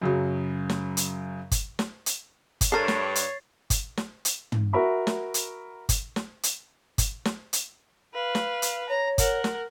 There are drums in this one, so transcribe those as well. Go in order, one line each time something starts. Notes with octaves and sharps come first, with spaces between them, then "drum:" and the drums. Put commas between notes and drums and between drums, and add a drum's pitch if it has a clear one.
F#2 C#3 F#3
drum: snare
drum: hi-hat
drum: kick G1, hi-hat
drum: snare
drum: hi-hat
drum: kick G1, hi-hat
G2 A4 A#4 C#5 A6 C7
drum: snare
drum: hi-hat
drum: kick G1, hi-hat
drum: snare
drum: hi-hat
drum: tom
F#4 A#4 E5 B5 C#6
drum: snare
drum: hi-hat
drum: kick G1, hi-hat
drum: snare
drum: hi-hat
drum: kick G1, hi-hat
drum: snare
drum: hi-hat
B4 F5
drum: snare
drum: hi-hat
C#5 A#5
A#4 F#5, drum: kick G1, hi-hat
drum: snare